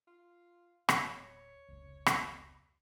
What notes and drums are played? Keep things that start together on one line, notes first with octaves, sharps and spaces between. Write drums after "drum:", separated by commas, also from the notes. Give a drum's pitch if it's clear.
F4
D1 C#5, drum: rim click
F1 C#2
drum: rim click